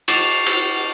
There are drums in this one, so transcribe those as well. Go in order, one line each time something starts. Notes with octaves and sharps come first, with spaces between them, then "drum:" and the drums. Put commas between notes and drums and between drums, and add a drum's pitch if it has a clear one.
C#6 D6 A6 C7 E7 F7, drum: cymbal
drum: cymbal